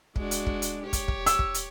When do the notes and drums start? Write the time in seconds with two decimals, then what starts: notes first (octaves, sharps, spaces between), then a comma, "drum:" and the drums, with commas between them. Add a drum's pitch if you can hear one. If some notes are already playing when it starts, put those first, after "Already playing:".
0.16 G#3 D4 F#4, drum: kick
0.31 drum: hi-hat
0.47 drum: kick
0.62 drum: hi-hat
0.83 G4 C#5
0.93 drum: kick, hi-hat
1.08 drum: kick
1.26 E6, drum: hi-hat
1.39 drum: kick
1.54 drum: hi-hat